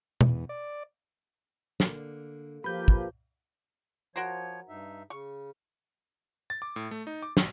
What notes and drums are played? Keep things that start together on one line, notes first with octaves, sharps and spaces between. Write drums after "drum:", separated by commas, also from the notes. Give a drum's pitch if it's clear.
E2, drum: tom B2
D5
D3 A#3, drum: snare
F3 A#3 G4 B4 B5 G6
drum: kick
F3 F#4 A#4 C5 C#5
G2 D#4 E5
C#3 C#6
A6
D6
A2
A3
D#4
D6
G#1, drum: snare